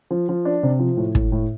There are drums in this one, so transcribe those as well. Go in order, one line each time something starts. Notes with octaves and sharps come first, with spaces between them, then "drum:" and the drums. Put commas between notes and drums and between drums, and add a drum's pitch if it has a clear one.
F3
F3
D4
C3
F3
A2
A2, drum: kick
A2